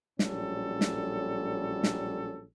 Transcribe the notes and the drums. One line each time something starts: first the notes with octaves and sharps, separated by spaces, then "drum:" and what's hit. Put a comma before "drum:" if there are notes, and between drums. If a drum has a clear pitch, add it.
A#1 A2 F#3 G3 C#4 A4, drum: snare
drum: snare
drum: snare